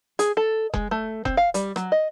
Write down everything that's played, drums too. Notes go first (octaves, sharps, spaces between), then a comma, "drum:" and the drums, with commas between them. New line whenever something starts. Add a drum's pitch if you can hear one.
G#4, drum: hi-hat
A4
G#3, drum: kick F1
A3
C4, drum: kick F1
F5
G3, drum: hi-hat
F#3, drum: rim click
D#5